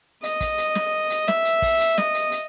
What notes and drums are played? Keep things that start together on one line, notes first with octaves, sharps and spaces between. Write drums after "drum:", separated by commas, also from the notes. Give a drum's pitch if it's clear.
D#5, drum: hi-hat
drum: kick, hi-hat
drum: hi-hat
drum: snare
drum: hi-hat
E5, drum: snare
drum: hi-hat
drum: kick, open hi-hat
drum: hi-hat
D#5, drum: snare
drum: hi-hat
drum: hi-hat